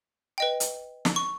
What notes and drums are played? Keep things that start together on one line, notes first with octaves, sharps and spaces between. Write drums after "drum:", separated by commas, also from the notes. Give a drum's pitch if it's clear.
B4 D#5 G5
drum: hi-hat
drum: snare
C#6